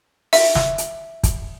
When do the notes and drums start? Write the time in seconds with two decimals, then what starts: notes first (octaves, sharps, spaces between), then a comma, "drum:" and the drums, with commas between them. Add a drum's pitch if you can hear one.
0.33 E5, drum: open hi-hat
0.55 drum: snare
0.78 drum: hi-hat
1.23 drum: kick, hi-hat